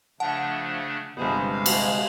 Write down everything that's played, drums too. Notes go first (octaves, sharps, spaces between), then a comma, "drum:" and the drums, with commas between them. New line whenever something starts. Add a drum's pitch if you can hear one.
C#3 F3 A3 D4 F#5 A5
G1 C3 F3 G#3 B3 G#4 C5
F5
drum: cymbal